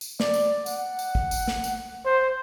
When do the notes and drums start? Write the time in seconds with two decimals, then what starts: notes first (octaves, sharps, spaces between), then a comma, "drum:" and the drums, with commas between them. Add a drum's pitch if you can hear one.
0.01 drum: tambourine
0.20 D5, drum: snare
0.34 drum: tambourine
0.66 F#5, drum: tambourine
0.99 drum: tambourine
1.15 drum: kick
1.31 drum: tambourine
1.48 drum: snare
1.64 drum: tambourine
2.05 C5